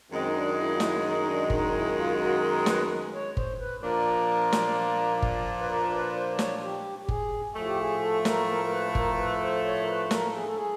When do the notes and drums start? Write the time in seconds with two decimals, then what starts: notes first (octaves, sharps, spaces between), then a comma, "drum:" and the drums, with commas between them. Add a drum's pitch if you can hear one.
0.10 F#2 D#3 G#3 C4
0.25 D#4
0.34 D4
0.57 E4
0.73 F4
0.80 E4, drum: snare
1.03 D#4
1.17 D#4
1.26 D4
1.50 D#4, drum: kick G1
1.73 E4
1.97 F4
2.20 F#4
2.43 A#4
2.66 B4, drum: snare
3.13 C#5
3.37 C5, drum: kick G1
3.59 B4
3.83 A#2 F3 A#3 D4 A#4
4.53 drum: snare
5.22 drum: kick G1
5.60 B4
5.69 A#4
5.92 B4
6.15 C5
6.39 C#5, drum: snare
6.62 G4
7.03 G4
7.08 G#4, drum: kick G1
7.55 A2 F3 A3
7.66 G4
7.78 G#4
8.02 A4
8.25 A#4, drum: snare
8.48 A#4
8.64 A#4
8.72 B4
8.90 A4
8.95 A#4, drum: kick G1
9.14 A#4
9.18 B4
9.41 C5
9.64 C#5
9.82 A#4
9.88 B4
10.11 A#4, drum: snare
10.34 G#4
10.45 A4
10.56 G#4